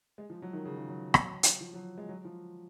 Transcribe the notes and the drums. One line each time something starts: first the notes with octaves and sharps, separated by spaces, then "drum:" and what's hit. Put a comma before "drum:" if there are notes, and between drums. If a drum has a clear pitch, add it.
G#3
F3
F#3
D#3
C#3
D#3
F#3
F#3, drum: rim click
drum: hi-hat
F3
F#3
G#3
F#3
F3